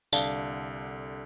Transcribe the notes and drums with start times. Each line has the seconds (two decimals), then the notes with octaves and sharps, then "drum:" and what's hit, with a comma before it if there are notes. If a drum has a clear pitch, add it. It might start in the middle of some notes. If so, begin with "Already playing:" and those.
0.13 C2 D3 D5 F5 A5, drum: tambourine